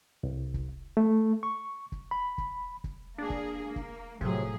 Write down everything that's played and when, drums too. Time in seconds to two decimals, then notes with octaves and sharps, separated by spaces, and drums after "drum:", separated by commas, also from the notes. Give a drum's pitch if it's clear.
0.23 C2
0.54 drum: kick
0.97 A3
1.43 C#6
1.92 drum: kick
2.11 B5
2.38 drum: kick
2.84 drum: kick
3.18 A#3 D4 G#4
3.30 drum: kick
3.65 A#3
3.76 drum: kick
4.21 A2 C3 F3 F#3 G#4, drum: kick